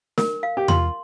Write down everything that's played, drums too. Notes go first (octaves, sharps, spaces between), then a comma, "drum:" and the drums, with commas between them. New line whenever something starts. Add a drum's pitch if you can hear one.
A#4, drum: snare
F5
G4
F4 C6, drum: tom E2